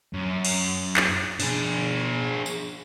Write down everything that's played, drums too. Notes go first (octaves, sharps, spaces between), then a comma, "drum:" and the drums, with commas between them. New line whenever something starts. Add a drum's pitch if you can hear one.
F#2
drum: cymbal
drum: clap
D4 G#4, drum: open hi-hat
drum: tambourine